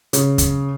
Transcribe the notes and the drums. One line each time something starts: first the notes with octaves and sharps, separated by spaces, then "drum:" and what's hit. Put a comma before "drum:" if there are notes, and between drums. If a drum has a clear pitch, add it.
C#3, drum: hi-hat
drum: kick, hi-hat